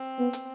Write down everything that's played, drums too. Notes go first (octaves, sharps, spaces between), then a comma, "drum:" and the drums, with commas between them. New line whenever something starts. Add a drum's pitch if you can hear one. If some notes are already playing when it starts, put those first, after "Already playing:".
Already playing: C4
B3
drum: hi-hat